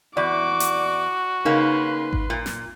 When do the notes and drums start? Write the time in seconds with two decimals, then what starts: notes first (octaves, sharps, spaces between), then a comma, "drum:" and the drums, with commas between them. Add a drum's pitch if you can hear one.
0.17 E2 F#4 D5 D6
0.60 drum: hi-hat
1.45 C#3 A#3 C#4 D#4 B4 C6
2.13 drum: kick G#1
2.30 A#2
2.46 drum: snare